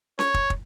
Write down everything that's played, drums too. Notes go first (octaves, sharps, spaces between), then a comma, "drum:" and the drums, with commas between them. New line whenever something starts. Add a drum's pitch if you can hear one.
C#5, drum: snare C#4
drum: kick
drum: kick